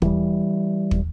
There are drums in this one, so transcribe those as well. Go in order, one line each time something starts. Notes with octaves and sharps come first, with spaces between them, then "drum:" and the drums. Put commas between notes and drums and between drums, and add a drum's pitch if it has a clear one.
E3 G3, drum: kick
drum: kick